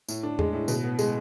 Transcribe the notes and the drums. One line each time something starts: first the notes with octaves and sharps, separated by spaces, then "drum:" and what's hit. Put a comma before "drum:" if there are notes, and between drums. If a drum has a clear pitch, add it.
A2, drum: tambourine
D4
G#3, drum: tom E2
A2
B2, drum: tambourine
B3
G#3, drum: tambourine